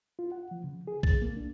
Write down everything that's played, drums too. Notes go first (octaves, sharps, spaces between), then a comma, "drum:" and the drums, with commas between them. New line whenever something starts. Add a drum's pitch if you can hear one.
F4
F#5
F3
C#3
G#4
A6, drum: kick
A#3
D4